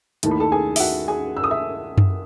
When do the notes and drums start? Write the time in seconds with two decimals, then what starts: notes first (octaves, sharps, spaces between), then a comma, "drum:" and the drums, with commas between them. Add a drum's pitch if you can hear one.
0.23 D#2 D#3 A3 E4 A5, drum: hi-hat
0.31 B5
0.40 A4 A5
0.52 G#4 G#5
0.76 E5, drum: open hi-hat
0.80 F#4 F#5
1.08 G#4 G#5
1.37 E6
1.44 D#6
1.51 E5 E6
1.98 drum: tom F#2